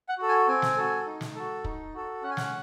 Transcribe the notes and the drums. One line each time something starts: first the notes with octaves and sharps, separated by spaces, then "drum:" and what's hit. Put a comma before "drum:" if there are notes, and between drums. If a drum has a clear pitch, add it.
F#5
F#4 A4
G#5
C4 G#5
drum: snare
F#4 A4
D#4
drum: snare
F#4 A4
D#4, drum: kick
F#4 A4
C#4 F#5
G#5
F#5, drum: snare